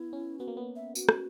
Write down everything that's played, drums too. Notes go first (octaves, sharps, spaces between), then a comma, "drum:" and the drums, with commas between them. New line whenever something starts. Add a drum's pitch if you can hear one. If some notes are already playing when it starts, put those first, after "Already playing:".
Already playing: B3 E4
C#4
B3 F#4
A#3
B3
E5
F#4, drum: tambourine
drum: rim click